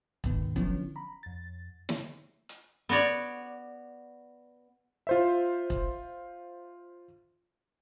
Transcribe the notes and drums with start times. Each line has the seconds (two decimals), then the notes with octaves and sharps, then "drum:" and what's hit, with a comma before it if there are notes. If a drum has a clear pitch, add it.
0.24 G#1 D2 G#2 B2 D#3 B3, drum: kick E1
0.56 D3 F3 F#3 B3 C#4 E4, drum: kick E1
0.96 A#5 B5
1.23 F2 A6
1.89 drum: snare
2.49 drum: hi-hat
2.89 B3 F#4 C#5 D5
5.07 F4 C5 E5
5.70 drum: kick E1